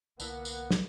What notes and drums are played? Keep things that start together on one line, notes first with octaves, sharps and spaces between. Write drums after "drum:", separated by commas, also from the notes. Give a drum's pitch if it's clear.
C2 D3 A#3 B3 E4 F#5, drum: tambourine
drum: tambourine
drum: snare